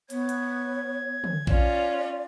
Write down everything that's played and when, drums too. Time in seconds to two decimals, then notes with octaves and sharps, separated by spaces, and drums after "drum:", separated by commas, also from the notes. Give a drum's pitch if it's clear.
0.10 B3 C#5 G#6, drum: hi-hat
0.29 drum: hi-hat
1.24 drum: tom
1.47 C#4 F4 C#5 D5 G#6, drum: kick A#1